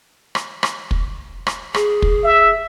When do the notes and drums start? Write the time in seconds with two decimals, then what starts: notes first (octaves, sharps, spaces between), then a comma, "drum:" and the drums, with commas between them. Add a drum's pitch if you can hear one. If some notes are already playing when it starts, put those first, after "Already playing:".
0.35 drum: rim click
0.63 drum: rim click
0.91 drum: kick
1.47 drum: rim click
1.74 G#4, drum: rim click
2.02 drum: kick
2.24 E5